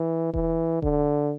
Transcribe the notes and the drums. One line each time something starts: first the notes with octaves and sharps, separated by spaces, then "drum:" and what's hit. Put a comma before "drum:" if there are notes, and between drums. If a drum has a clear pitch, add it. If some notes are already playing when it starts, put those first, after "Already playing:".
Already playing: E3
E3, drum: kick E1
D3, drum: kick E1